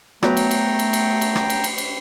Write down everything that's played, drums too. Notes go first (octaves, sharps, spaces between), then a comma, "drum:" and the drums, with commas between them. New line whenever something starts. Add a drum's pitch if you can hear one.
F#3 A3 B3 B4 G5 A#5, drum: rim click
drum: cymbal
drum: cymbal
drum: cymbal
drum: cymbal
drum: cymbal
drum: rim click
drum: cymbal
drum: cymbal
drum: cymbal